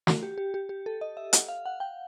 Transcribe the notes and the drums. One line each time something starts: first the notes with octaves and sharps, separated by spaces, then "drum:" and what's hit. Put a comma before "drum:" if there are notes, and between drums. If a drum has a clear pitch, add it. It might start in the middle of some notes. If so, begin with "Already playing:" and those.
F#4, drum: snare
G4
G4
G4
G4
A4
D#5
E5
F#5, drum: hi-hat
F5
F#5
G5